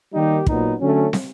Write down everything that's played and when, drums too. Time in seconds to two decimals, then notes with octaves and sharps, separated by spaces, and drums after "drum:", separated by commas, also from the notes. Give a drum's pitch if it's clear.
0.13 D#3 G3 A#3 D#4 G4
0.46 A#2 F#3 B3 D#4, drum: kick
0.80 D3 F#3 A3 C#4
1.13 drum: snare